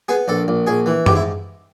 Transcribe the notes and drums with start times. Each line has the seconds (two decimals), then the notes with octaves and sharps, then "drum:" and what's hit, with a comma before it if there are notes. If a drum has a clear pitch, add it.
0.08 B3 G#4
0.28 A#1 A4
0.48 A#1
0.67 A#1 G#4
0.86 E3
1.06 G#2 G4, drum: tom F#2
1.15 E4